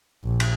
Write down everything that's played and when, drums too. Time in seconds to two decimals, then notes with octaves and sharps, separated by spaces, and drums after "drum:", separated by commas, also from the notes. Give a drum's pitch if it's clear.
0.24 A#1
0.40 drum: cymbal